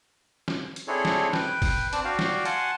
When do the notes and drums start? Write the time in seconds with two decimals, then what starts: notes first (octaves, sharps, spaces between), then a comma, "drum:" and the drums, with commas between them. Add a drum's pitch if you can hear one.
0.48 drum: snare
0.76 drum: hi-hat
0.88 C4 D4 E4 G#4 A4 C#5
1.05 drum: snare
1.33 B4 G5, drum: snare
1.62 drum: kick, open hi-hat
1.93 C4 D4 D5 A5, drum: hi-hat
2.05 F#4 D5 F5 G5
2.19 drum: snare
2.45 F#5 G#5 A5 C6, drum: hi-hat